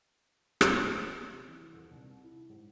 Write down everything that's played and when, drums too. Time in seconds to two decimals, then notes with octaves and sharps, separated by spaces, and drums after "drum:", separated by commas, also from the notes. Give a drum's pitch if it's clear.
0.61 drum: rim click
1.25 C3
1.48 E3
1.73 D#1
1.92 C2
2.24 E4
2.49 G#2